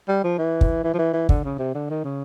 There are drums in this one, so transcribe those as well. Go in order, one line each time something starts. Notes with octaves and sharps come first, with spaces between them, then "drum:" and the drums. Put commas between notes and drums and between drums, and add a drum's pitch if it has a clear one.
G3
F3
E3
drum: kick
E3
F3
E3
E3
D3, drum: kick
C#3
C3
D3
D#3
C#3